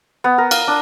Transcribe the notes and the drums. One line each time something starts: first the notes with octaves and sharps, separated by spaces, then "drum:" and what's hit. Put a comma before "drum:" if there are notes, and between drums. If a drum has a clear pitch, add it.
B3
A#4
F5, drum: cymbal
D4